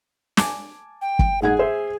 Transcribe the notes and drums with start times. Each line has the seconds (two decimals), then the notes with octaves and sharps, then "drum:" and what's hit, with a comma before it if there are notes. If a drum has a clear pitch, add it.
0.37 G#5 A5 D6, drum: snare
1.02 G5
1.19 drum: kick
1.42 G#2 G#4 F#5 G#6
1.59 C5 E5